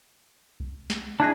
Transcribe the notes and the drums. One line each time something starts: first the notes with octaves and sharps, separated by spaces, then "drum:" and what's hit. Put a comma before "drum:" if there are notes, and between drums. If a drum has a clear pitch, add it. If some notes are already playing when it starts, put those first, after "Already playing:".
drum: kick C2
drum: snare
D4 E4 G#4 A5 F#6 A#6